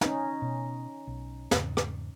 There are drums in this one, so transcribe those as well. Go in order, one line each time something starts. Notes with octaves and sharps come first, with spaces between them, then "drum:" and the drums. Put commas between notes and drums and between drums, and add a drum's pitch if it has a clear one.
C#4 D#4, drum: snare
B2
B1
E2 G#2 C#3, drum: snare
drum: rim click